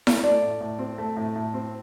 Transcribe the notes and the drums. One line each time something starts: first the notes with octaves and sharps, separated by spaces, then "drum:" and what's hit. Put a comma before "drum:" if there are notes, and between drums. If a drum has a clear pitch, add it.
drum: snare E4
A3 D5
A2
A2
C4
A3
A2
A2
C4